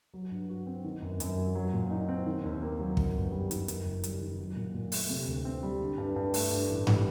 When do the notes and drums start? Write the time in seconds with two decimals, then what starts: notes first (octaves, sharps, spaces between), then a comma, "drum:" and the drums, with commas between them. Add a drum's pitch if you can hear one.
0.14 F#3
0.31 G2
0.49 F#4
0.67 C4
0.84 D#3
1.02 F#2
1.20 F#2, drum: hi-hat
1.38 F#3
1.55 F#3
1.73 A#2
1.91 D#4
2.09 C4
2.26 D#3
2.44 D#2
2.62 A#3
2.79 F#3
2.97 F#2, drum: kick
3.15 G1
3.32 G3
3.51 D#3, drum: hi-hat
3.68 F#2, drum: hi-hat
3.85 F#1
4.04 G3, drum: hi-hat
4.21 D#3
4.38 F#3
4.56 A#2
4.74 A#2
4.92 A3, drum: open hi-hat
5.10 C3
5.27 D2
5.45 C4
5.63 G3
5.81 D3
5.98 G2
6.16 G2
6.34 A3, drum: open hi-hat
6.51 G2
6.69 A1
6.87 G3, drum: tom G2